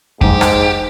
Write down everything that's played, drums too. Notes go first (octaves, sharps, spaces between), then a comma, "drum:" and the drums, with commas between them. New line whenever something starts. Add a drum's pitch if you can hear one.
G#2 G4, drum: kick F2
drum: rim click